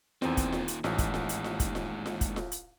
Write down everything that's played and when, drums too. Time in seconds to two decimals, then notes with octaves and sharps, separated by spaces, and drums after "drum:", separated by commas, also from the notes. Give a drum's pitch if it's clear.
0.22 E2 A#2 D#3 C4, drum: snare F4
0.37 drum: kick, hi-hat
0.52 drum: snare F4
0.68 drum: hi-hat
0.84 A1 D#2 G#2, drum: snare F4
0.98 drum: kick, hi-hat
1.14 drum: snare F4
1.29 drum: hi-hat
1.44 drum: snare F4
1.60 drum: kick, hi-hat
1.75 drum: snare F4
2.06 drum: snare F4
2.21 drum: kick, hi-hat
2.36 drum: snare F4
2.52 drum: hi-hat